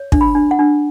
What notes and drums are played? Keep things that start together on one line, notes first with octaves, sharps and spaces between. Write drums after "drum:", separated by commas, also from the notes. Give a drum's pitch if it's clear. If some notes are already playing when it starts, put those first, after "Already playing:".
Already playing: C#5
D4, drum: kick
B5
D4
F#5
D4